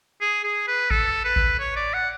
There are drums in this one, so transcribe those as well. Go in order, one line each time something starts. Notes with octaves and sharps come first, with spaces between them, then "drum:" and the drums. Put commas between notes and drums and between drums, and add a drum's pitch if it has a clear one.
G#4
G#4
B4
A4, drum: kick G#1
B4
drum: kick G#1
C#5
D5
F#5